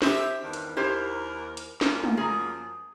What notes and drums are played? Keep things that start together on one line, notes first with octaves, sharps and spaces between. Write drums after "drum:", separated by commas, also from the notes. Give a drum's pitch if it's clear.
G4 C5 E5, drum: snare
E2 G2 D#3
drum: hi-hat
D#2 E4 G4 A#4 C5
drum: hi-hat
F#2 F3 A#3, drum: snare
drum: tom G#3
G#4 A#5